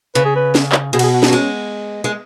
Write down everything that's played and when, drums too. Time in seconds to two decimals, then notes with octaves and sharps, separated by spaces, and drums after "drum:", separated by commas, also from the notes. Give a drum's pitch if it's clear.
0.15 C#3 B4
0.25 G#4
0.36 B4
0.55 drum: snare
0.72 drum: clap
0.93 B2 G#4
0.99 F#4, drum: cymbal
1.03 G#4
1.13 F#4
1.23 C#4, drum: snare
1.28 F#3
1.33 G#3
2.04 G#3